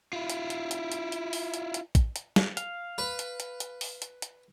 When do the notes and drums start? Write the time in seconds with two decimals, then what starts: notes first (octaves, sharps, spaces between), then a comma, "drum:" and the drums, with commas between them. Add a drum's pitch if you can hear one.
0.13 E4 F4
0.30 drum: hi-hat
0.50 drum: hi-hat
0.71 drum: hi-hat
0.92 drum: hi-hat
1.12 drum: hi-hat
1.33 drum: open hi-hat
1.54 drum: hi-hat
1.74 drum: hi-hat
1.95 drum: kick, hi-hat
2.16 drum: hi-hat
2.36 drum: snare
2.57 F5, drum: hi-hat
2.98 B4
3.19 drum: hi-hat
3.40 drum: hi-hat
3.60 drum: hi-hat
3.81 drum: open hi-hat
4.02 drum: hi-hat
4.22 drum: hi-hat